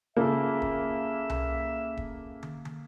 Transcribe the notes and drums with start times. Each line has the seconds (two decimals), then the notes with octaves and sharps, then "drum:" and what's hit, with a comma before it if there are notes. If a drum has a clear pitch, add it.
0.17 C#3 A#3 F4 A4 E5
0.62 drum: kick D#1
1.30 drum: tom C2
1.97 drum: kick D#1
2.43 drum: tom
2.65 drum: tom